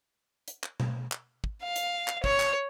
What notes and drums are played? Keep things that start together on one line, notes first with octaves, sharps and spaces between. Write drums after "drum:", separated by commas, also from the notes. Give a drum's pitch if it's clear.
drum: hi-hat
drum: clap
drum: tom B2
drum: clap
drum: kick
F5
drum: hi-hat
drum: clap
C#5, drum: kick
drum: clap